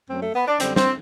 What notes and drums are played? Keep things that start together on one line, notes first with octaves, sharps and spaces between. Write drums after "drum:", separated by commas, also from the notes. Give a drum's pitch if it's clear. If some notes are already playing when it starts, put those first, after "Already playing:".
F#2 F#3 A3 C4
A3
B3
D4
F#2 D3 G3 C4, drum: hi-hat
C4, drum: snare